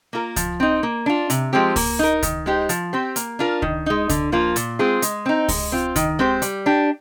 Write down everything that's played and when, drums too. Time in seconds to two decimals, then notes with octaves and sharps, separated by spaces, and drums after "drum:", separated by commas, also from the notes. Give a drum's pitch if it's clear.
0.13 A#3 F4 A#4
0.36 F3, drum: kick C#2, hi-hat
0.60 C4 D#4
0.83 A#3
1.06 D4 F4
1.30 C3, drum: hi-hat
1.53 F3 G#3 C4 G4
1.76 A#3, drum: kick C#2, open hi-hat
1.99 D#4 A#4
2.23 D#3, drum: kick C#2, hi-hat
2.46 G#3 D#4 G4 C5
2.69 F3, drum: hi-hat
2.93 C4 G4 C5
3.16 A#3, drum: hi-hat
3.39 D4 F4 A#4
3.62 D#3, drum: kick C#2
3.86 G#3 D#4
4.09 D3, drum: kick C#2, hi-hat
4.32 F3 A#3 F4
4.56 A#2, drum: hi-hat
4.79 G#3 C4 F4 G#4
5.02 G#3, drum: hi-hat
5.26 C4 D#4
5.48 G#3, drum: kick C#2, open hi-hat
5.72 C4 F4
5.96 D#3, drum: kick C#2, hi-hat
6.19 G#3 C4 G4 C5
6.42 G3, drum: hi-hat
6.66 D4 G4